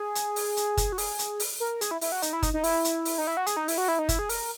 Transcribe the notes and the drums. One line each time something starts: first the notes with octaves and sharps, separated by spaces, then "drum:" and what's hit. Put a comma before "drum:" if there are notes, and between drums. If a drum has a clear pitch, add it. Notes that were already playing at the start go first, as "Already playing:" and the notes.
Already playing: G#4
drum: hi-hat
drum: open hi-hat
drum: hi-hat
drum: kick, hi-hat
F#4
G#4, drum: open hi-hat
drum: hi-hat
drum: open hi-hat
A#4
G#4, drum: hi-hat
E4
E4, drum: open hi-hat
F#4
D#4, drum: hi-hat
E4
D#4, drum: kick, hi-hat
D#4
E4, drum: open hi-hat
drum: hi-hat
drum: open hi-hat
D#4
E4
F#4
G#4, drum: hi-hat
D#4
E4, drum: open hi-hat
F#4
E4
D#4
E4, drum: kick, hi-hat
G#4
A#4, drum: open hi-hat